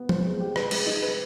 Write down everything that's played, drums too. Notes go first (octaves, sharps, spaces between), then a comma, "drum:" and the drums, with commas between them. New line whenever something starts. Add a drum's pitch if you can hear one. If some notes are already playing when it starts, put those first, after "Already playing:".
Already playing: B3
C5, drum: tom
G#3
G4
B4, drum: rim click
G#3, drum: cymbal
D#4
B4